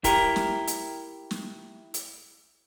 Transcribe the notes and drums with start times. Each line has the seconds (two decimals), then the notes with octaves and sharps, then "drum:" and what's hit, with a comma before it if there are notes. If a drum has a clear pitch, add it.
0.04 E4 G4 A#4, drum: kick, hi-hat
0.36 drum: snare
0.67 drum: hi-hat
1.31 drum: snare
1.94 drum: hi-hat